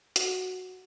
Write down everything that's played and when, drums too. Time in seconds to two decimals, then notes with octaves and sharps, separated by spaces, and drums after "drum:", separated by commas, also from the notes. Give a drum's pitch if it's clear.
0.16 F#4, drum: hi-hat